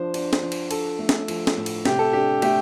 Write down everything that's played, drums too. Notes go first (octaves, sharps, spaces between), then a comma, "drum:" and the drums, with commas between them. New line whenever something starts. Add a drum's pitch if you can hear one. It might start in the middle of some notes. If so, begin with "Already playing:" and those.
Already playing: F3 D4 C5
D4, drum: cymbal
drum: snare
F3
drum: cymbal
D4 A4, drum: cymbal
A3
drum: snare
F3, drum: cymbal
drum: snare
A2
drum: cymbal
C3 G4, drum: snare
A4
D4 G4
A3 G4, drum: cymbal